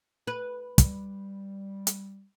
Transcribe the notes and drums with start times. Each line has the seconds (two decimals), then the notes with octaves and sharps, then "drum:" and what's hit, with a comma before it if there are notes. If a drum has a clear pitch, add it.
0.27 B4
0.78 G3, drum: kick, hi-hat
1.87 drum: hi-hat